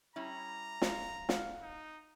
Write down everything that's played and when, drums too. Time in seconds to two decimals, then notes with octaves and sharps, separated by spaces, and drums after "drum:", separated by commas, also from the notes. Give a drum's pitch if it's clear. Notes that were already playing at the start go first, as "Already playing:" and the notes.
0.16 G3 C#4 E4 A#5
0.82 F#2 F5, drum: snare
1.29 F5 F#5, drum: snare
1.62 D#4